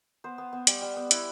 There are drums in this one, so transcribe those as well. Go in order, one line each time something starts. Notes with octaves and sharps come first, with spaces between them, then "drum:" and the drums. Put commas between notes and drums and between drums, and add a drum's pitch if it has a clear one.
B3 C5
B3
B3
G3, drum: hi-hat
G3
B3
E4 B4, drum: hi-hat